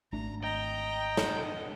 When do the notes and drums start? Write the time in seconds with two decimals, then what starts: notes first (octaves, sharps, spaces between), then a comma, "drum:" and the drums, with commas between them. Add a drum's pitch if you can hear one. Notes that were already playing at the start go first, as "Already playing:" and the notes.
0.12 G#1 A3 D4 A#5
0.43 D#5 G5 A#5
1.17 drum: snare